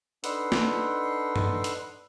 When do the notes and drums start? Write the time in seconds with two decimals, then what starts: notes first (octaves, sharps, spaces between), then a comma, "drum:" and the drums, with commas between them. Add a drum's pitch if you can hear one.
0.24 D4 D#4 A4 B4 F#5 C6, drum: hi-hat
0.52 drum: snare
1.36 drum: tom G2
1.64 drum: hi-hat